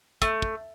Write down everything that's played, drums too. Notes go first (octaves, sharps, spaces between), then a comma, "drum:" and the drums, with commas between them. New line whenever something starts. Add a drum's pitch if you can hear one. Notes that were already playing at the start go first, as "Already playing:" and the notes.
A3, drum: kick, hi-hat
drum: kick